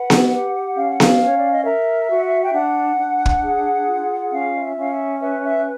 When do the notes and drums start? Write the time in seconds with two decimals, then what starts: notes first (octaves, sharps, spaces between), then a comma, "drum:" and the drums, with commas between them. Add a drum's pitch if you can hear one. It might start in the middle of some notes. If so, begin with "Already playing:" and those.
Already playing: B4 F#5
0.10 drum: snare B3
0.31 G4
0.75 C#4 F5
0.88 F#5
1.00 F5, drum: snare B3
1.20 C#4 C#5
1.38 D5
1.51 D#5
1.64 A#4 E5
2.09 F#4
2.43 G5
2.54 D4 F#5
2.98 D4
3.26 drum: kick
3.42 G#4
3.87 F4
4.31 C#4 F5
4.56 D#5
4.61 E5
4.76 C#4 F5
4.91 E5
5.20 B4 E5
5.42 E5